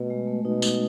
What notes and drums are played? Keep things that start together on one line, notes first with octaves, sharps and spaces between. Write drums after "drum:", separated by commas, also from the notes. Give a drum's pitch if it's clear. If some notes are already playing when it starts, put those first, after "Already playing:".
Already playing: B2 A3
G#3
A3
B2 D#4
D#4, drum: tambourine